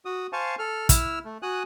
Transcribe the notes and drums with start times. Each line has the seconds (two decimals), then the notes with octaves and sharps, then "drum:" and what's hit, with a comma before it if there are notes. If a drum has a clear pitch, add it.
0.05 F#4 D#6
0.33 C5 F5 G#5 A5 C#6
0.59 A4 F6
0.89 E4 E6 F6, drum: kick, hi-hat
1.25 A3
1.42 F#4 G#5 D#6 F#6